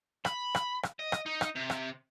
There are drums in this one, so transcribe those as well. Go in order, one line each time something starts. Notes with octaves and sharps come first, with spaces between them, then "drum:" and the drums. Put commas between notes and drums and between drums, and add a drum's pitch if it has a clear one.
B5, drum: rim click
drum: rim click
drum: rim click
D#5
drum: rim click
D#4
drum: rim click
C3
drum: rim click